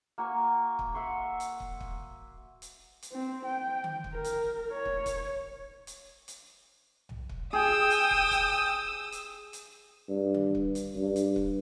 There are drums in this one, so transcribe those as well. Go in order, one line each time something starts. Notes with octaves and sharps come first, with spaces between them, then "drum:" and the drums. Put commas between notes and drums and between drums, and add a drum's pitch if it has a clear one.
A#3 F#4 G#5
drum: kick
E5 F#5 C6 C#6
drum: hi-hat
drum: kick
drum: kick
drum: hi-hat
drum: hi-hat
C4
G5
drum: tom D3
drum: kick
A#4
drum: hi-hat
C#5
drum: kick
drum: kick, hi-hat
drum: hi-hat
drum: hi-hat
drum: tom B1
drum: kick
G#4 G5 D#6 E6
drum: hi-hat
drum: kick
drum: kick, hi-hat
drum: hi-hat
drum: hi-hat
G2
drum: tom D3
drum: kick
drum: hi-hat
G2
drum: hi-hat
drum: kick